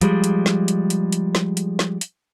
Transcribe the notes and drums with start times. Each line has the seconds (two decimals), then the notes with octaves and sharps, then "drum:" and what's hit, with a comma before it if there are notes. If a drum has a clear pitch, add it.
0.01 F3 G3 G#3, drum: hi-hat
0.24 drum: hi-hat
0.46 drum: snare
0.68 drum: hi-hat
0.90 drum: hi-hat
1.12 drum: hi-hat
1.35 drum: snare
1.57 drum: hi-hat
1.79 drum: snare
2.01 drum: hi-hat